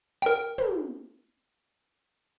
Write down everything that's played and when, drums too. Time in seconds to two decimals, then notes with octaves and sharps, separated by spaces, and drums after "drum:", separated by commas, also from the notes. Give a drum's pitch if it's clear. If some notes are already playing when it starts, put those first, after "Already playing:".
0.22 A#4 G5
0.58 drum: tom